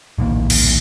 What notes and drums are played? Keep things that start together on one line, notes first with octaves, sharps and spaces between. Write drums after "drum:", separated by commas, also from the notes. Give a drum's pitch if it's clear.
D1 A#1 D#3 A#3
drum: cymbal